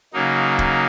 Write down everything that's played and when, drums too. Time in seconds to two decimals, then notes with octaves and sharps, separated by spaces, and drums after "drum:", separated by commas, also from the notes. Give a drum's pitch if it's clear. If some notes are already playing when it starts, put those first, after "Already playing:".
0.13 C#3 F#3 A#3 D#4
0.59 drum: kick